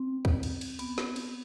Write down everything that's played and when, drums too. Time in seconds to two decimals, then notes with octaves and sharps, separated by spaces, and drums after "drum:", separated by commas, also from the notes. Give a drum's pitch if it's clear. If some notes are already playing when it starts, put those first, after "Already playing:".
Already playing: C4
0.25 drum: kick
0.43 drum: cymbal
0.61 drum: cymbal
0.79 B3, drum: cymbal
0.98 drum: snare
1.16 drum: cymbal